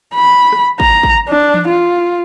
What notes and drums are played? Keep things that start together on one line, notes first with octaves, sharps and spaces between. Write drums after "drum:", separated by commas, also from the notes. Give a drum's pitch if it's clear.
B5
drum: rim click
A#5, drum: kick
drum: kick
D4
drum: tom E3
F4